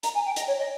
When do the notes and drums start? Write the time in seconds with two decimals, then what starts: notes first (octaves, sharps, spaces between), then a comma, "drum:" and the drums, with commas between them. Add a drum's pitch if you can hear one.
0.03 A#5, drum: hi-hat
0.14 G#5
0.26 G5
0.36 D#5, drum: hi-hat
0.47 C#5
0.59 D#5